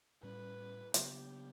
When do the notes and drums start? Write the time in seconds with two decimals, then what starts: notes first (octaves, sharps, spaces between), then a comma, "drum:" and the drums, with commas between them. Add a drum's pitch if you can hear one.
0.23 A2 G3 C#4 B4
0.94 C#3 F#3 B3 G4, drum: hi-hat